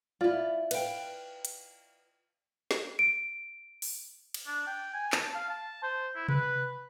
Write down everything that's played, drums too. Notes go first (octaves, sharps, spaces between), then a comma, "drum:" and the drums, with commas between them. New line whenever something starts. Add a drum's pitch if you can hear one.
E4 F4 D5
B4 F5 G5, drum: cymbal
drum: hi-hat
drum: snare
D7
drum: open hi-hat
drum: cymbal
D4
G5
G#5
A5, drum: clap
F5
A5
C5
E4
B4, drum: tom C3